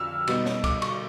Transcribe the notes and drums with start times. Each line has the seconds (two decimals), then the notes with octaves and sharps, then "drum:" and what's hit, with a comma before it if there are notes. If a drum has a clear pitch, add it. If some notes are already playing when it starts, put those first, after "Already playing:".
Already playing: F2 E6 F6
0.27 B2 G3 B3 D#4, drum: cymbal
0.46 drum: snare
0.64 D6, drum: kick, cymbal
0.82 C#6, drum: cymbal